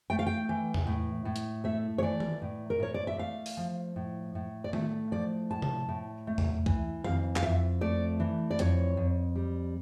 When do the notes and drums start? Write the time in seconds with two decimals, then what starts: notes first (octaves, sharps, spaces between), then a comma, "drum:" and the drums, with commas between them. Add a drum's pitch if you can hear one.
0.10 A3 G5
0.19 F5
0.27 G5
0.49 E3
0.74 drum: tom E2
0.87 A2
1.25 A2
1.36 drum: hi-hat
1.64 A3 E5
1.98 C#5
2.02 E3 D5
2.20 drum: tom D#3
2.42 A2
2.70 A#4
2.80 A2 C#5
2.94 D5
3.07 E5
3.18 A3 F5
3.46 drum: open hi-hat
3.57 F3
3.96 A2
4.35 A2
4.64 D5
4.73 A3 E5, drum: tom D#3
5.12 F3 D5
5.50 A2 A5
5.62 drum: tom C3
5.89 A2
6.27 A3
6.38 drum: tom E2
6.66 E3, drum: kick
7.04 F2 F5, drum: tom D#3
7.36 F5, drum: clap
7.43 F2 E5
7.81 A3 D5
8.20 E3
8.51 D5
8.59 F2 C#5, drum: hi-hat
8.97 F2
9.35 G3